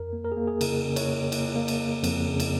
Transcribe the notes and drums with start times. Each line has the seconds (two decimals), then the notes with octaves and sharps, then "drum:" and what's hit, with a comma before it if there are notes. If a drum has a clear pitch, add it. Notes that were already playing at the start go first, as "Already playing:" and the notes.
Already playing: F2 A#4
0.13 A#3
0.25 A#4
0.32 G#4
0.37 A#3
0.47 G#4
0.61 C#3 A#4, drum: cymbal
0.84 C#3
0.96 C#5, drum: cymbal
1.09 A#3
1.32 A#3, drum: cymbal
1.56 A#3
1.68 drum: cymbal
1.80 A#3
2.04 F2, drum: cymbal
2.27 C#3
2.40 drum: cymbal